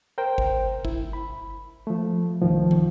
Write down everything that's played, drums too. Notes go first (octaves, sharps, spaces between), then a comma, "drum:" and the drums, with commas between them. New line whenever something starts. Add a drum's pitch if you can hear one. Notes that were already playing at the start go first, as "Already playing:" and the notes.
A#4 C5 G5
drum: kick G1
E4, drum: kick G1
B5
F3 A3
C2 G2 D#3 F3
drum: tom